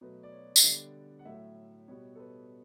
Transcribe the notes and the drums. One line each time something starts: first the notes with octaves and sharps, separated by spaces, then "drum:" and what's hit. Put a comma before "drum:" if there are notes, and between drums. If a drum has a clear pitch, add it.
B2 F#3 A3 B4
D5
C#5
E5, drum: tambourine
D3 G3 B3 D5
F#5
A2 F#3 A3 E5
B2 G3 B3 C#5
A4
B4